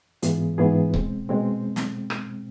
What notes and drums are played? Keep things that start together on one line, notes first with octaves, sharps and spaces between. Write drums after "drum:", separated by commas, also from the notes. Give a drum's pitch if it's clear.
G#2 E3 B3 F4 G#4, drum: hi-hat
G#2 E3 B3 F4 G#4
B2 G#3 C4, drum: kick C#1
B2 G#3 C4
drum: snare
drum: rim click